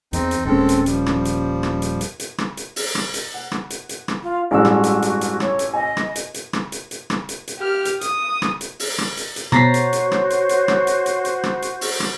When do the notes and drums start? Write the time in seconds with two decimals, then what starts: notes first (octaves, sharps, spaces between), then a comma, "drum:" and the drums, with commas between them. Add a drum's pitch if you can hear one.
0.13 E2 C4 D#4, drum: hi-hat
0.31 drum: hi-hat
0.45 D#1 G#3 C4 C#4 A4
0.69 drum: hi-hat
0.86 F3 G3, drum: hi-hat
1.06 drum: rim click
1.25 drum: hi-hat
1.63 drum: rim click
1.82 drum: hi-hat
2.01 drum: hi-hat
2.20 drum: hi-hat
2.38 drum: rim click
2.57 drum: hi-hat
2.76 drum: open hi-hat
2.95 drum: rim click
3.14 drum: hi-hat
3.34 F#5
3.52 drum: rim click
3.70 drum: hi-hat
3.89 drum: hi-hat
4.08 drum: rim click
4.23 F4
4.51 A1 G2 G#3 F#4 E6
4.65 drum: rim click
4.84 drum: hi-hat
5.02 drum: hi-hat
5.21 drum: hi-hat
5.40 C#5, drum: rim click
5.59 drum: hi-hat
5.74 D#5 G#5
5.97 drum: rim click
6.16 drum: hi-hat
6.34 drum: hi-hat
6.53 drum: rim click
6.72 drum: hi-hat
6.91 drum: hi-hat
7.10 drum: rim click
7.29 drum: hi-hat
7.48 drum: hi-hat
7.59 G4 F6
7.85 drum: hi-hat
8.01 D#6, drum: hi-hat
8.42 drum: rim click
8.61 drum: hi-hat
8.80 drum: open hi-hat
8.98 drum: rim click
9.17 drum: hi-hat
9.36 drum: hi-hat
9.52 B2 F#4 C5 C#5 A#5 A6 B6 C7, drum: rim click
9.74 drum: hi-hat
9.93 drum: hi-hat
10.12 drum: rim click
10.30 drum: hi-hat
10.49 drum: hi-hat
10.68 drum: rim click
10.87 drum: hi-hat
11.06 drum: hi-hat
11.25 drum: hi-hat
11.44 drum: rim click
11.62 drum: hi-hat
11.81 drum: open hi-hat
12.00 drum: rim click